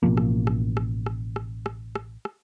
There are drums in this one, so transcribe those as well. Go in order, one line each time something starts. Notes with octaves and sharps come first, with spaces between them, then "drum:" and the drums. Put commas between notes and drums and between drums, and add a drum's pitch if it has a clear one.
A1 B2 F3 A#3
drum: rim click
drum: rim click
drum: rim click
drum: rim click
drum: rim click
drum: rim click
drum: rim click
drum: rim click